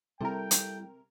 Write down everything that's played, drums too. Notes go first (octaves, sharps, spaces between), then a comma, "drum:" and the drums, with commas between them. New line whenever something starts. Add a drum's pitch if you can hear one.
C3 G3 E4 A4 A#4 G5
drum: hi-hat